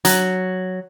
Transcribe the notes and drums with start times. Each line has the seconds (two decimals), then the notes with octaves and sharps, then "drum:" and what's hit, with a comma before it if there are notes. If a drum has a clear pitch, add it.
0.05 F#3, drum: hi-hat